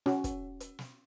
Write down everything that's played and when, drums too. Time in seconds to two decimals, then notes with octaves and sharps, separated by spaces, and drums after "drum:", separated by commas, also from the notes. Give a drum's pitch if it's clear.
0.06 C#4 F#4, drum: snare
0.24 drum: kick, hi-hat
0.60 drum: hi-hat
0.79 drum: snare